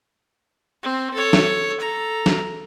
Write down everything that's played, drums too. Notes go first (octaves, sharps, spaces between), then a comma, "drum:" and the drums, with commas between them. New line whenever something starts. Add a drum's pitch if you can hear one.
C4
A4 C#5
drum: snare
A4 A#5
drum: snare